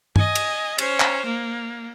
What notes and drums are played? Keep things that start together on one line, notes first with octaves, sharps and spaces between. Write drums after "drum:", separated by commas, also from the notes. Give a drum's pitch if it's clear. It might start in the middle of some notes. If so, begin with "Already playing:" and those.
D#5 G#5, drum: tom G2
drum: cymbal
C#4 C5, drum: cymbal
drum: clap
A#3